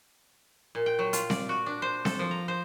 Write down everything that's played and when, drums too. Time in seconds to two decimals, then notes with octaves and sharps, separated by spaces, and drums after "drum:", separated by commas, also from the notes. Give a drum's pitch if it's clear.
0.75 A#2
0.86 G5
0.99 F#3
1.13 F4, drum: hi-hat
1.30 D5, drum: snare C4
1.49 F#4
1.66 D4
1.82 C5
2.05 A4, drum: snare C4
2.19 F3
2.31 A#5
2.48 C5